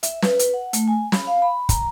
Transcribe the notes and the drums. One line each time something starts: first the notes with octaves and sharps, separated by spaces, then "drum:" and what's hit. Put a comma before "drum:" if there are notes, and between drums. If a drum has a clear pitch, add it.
E5, drum: hi-hat
B4, drum: snare
drum: hi-hat
F#5
A3, drum: hi-hat
G#5
B5, drum: snare
F5
B5
A#5, drum: kick, hi-hat